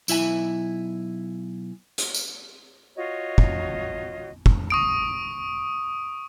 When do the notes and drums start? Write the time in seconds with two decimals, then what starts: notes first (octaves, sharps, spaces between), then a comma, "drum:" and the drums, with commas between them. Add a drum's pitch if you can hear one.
0.08 B1 E4 E5 G#5, drum: tambourine
1.98 drum: hi-hat
2.15 drum: tambourine
2.96 F4 F#4 C#5 D#5
3.38 drum: kick
4.46 drum: kick
4.70 C#6 D#6 D7